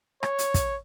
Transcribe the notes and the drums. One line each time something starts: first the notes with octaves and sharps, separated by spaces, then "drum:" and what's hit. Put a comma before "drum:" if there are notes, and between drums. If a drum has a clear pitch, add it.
C#5, drum: rim click
drum: hi-hat
drum: kick, hi-hat